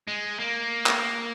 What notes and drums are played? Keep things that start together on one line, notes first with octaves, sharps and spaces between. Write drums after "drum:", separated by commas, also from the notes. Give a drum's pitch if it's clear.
G#3
A#3
drum: clap